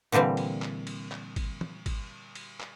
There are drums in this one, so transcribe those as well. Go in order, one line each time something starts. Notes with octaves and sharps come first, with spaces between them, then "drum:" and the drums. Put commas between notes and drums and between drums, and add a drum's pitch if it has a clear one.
A#2 D3 E3 G3 C4
drum: cymbal
drum: clap
drum: cymbal
drum: clap
drum: kick, cymbal
drum: tom
drum: kick, cymbal
drum: cymbal
drum: clap